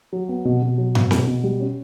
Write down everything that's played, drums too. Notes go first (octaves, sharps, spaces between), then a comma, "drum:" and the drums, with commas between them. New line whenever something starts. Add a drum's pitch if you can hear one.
F#3
B3
B2
B2
F#3
B3, drum: tom G2
B2, drum: snare C4
B2
G3
C#4